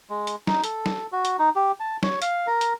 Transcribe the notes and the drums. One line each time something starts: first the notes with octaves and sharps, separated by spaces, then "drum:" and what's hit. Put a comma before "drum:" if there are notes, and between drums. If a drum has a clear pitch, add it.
G#3
drum: hi-hat
D#4, drum: snare
A4, drum: hi-hat
drum: snare
F#4
drum: hi-hat
D#4
G4
A5
C#5, drum: snare
F5, drum: hi-hat
A#4
drum: hi-hat